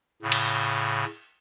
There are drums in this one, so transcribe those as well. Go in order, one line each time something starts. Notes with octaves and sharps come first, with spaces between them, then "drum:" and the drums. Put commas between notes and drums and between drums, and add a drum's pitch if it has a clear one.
A2 C#3
drum: cymbal